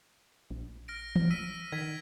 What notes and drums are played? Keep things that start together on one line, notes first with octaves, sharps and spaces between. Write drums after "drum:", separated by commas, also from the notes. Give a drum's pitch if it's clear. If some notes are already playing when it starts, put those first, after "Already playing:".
A#1
F6 A#6 D7
drum: tom E3
E6 B6 D#7
D#3 G#6 B6